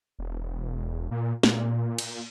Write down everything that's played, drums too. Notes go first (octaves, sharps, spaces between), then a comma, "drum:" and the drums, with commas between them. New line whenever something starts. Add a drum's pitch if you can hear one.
E1
A#2
A#2, drum: snare
drum: cymbal